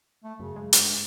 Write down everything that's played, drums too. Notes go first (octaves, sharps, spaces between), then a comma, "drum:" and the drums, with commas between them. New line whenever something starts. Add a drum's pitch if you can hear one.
A3
F#2 C#3
G#3
G2, drum: hi-hat